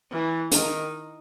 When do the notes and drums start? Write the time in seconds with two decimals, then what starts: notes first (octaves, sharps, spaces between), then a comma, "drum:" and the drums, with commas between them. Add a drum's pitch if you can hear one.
0.11 E3
0.52 D#3, drum: hi-hat